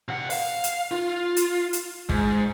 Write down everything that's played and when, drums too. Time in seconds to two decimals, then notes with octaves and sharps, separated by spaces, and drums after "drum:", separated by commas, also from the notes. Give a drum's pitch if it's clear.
0.08 C3 F#5
0.30 F5, drum: open hi-hat
0.64 drum: hi-hat
0.91 F4
1.36 drum: hi-hat
1.73 drum: hi-hat
2.09 G#2, drum: kick